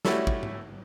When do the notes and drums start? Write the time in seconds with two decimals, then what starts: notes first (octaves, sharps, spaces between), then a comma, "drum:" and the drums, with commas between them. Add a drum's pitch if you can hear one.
0.05 G3 A3 C#4 E4 F#4 A4, drum: snare
0.27 drum: kick
0.43 drum: tom G#2